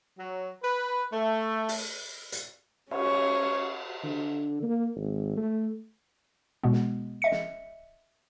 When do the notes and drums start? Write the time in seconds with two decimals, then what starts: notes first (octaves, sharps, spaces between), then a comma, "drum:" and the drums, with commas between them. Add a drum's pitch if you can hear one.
0.18 F#3
0.63 B4
1.12 A3
1.69 drum: open hi-hat
2.32 drum: hi-hat
2.91 C#4 C#5, drum: cymbal
4.04 D3
4.63 A#3
4.96 G#1
5.36 A3
6.63 B2 G#3 B3
6.73 drum: snare
7.22 D#5 E5 C#7
7.31 drum: snare